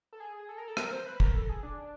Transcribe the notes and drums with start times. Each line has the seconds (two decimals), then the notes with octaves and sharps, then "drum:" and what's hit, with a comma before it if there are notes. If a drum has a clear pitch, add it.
0.13 A4
0.20 G#4
0.49 A4
0.58 A#4
0.68 A4
0.77 A#4, drum: rim click
0.91 C5
1.06 B4
1.20 A#4, drum: kick
1.34 A4
1.49 G#4
1.63 D4